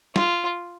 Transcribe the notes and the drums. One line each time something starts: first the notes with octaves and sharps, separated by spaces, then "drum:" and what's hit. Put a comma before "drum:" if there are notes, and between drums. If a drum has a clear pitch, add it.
F4, drum: snare